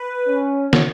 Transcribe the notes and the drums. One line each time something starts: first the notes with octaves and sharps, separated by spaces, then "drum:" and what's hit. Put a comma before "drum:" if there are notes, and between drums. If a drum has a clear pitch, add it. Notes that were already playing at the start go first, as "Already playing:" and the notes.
Already playing: B4
C#4
drum: snare